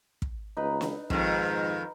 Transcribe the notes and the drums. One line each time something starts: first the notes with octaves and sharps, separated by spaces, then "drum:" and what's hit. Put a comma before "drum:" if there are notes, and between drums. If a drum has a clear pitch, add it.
drum: kick
C#2 D#4 B4
drum: snare
F2 G#2 D#3, drum: kick